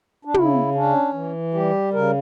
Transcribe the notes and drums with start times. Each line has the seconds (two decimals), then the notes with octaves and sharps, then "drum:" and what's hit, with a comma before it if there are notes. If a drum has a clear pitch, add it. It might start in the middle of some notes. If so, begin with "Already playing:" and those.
0.25 D4
0.34 C#3 E4, drum: tom
0.75 C#4 D4
1.14 E3
1.54 G3 G4
1.93 C#3 A#4